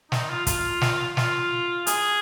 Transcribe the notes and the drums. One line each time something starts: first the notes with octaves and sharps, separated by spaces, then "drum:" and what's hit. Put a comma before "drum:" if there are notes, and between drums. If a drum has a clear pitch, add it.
D#4, drum: snare
F4
F4, drum: kick, hi-hat
drum: snare
F4, drum: snare
G#4, drum: hi-hat